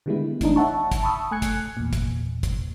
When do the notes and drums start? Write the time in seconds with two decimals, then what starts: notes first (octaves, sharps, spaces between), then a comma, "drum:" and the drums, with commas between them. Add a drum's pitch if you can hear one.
0.06 D3 D#3 G3 G#3 B3 E4
0.41 E3 A3 D4 D#4, drum: kick, hi-hat
0.56 C#5 E5 F#5 A5 C#6
0.92 drum: kick, hi-hat
1.03 A5 B5 C#6 D#6 E6
1.31 A3 G#5 F#6 G#6 C#7
1.42 drum: kick, hi-hat
1.77 E2 A#2
1.93 drum: kick, hi-hat
2.43 drum: kick, hi-hat